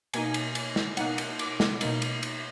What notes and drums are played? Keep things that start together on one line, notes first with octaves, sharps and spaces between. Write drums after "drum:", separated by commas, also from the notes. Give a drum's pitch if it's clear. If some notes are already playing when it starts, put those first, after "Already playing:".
B2 A#3 D#4 G#5, drum: cymbal
drum: cymbal
drum: cymbal
drum: snare
B2 A#3 D#4 F#5, drum: cymbal
drum: cymbal
D6, drum: cymbal
drum: snare
B2 A#3 D#4, drum: cymbal
drum: cymbal
drum: cymbal